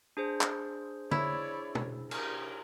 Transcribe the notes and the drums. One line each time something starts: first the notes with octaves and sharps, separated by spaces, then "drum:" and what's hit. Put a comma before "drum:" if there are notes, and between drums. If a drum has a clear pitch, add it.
D4 G#4 C5
drum: clap
E4 C#5 D5, drum: tom D3
drum: tom
G4 A#4, drum: cymbal